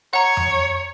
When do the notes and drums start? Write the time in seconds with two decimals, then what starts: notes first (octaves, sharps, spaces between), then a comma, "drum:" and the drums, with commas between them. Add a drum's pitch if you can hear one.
0.13 C#5 F#5 A#5
0.37 drum: tom F2